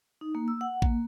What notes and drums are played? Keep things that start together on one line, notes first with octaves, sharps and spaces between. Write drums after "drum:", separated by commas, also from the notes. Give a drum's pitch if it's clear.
D#4
A#3
E6
F#5
A#3, drum: kick